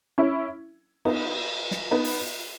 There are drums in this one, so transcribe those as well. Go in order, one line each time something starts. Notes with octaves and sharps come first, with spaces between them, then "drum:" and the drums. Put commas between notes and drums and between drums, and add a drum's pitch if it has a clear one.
C#4 E4
B3 D#4, drum: cymbal
drum: snare
B3 D#4
drum: open hi-hat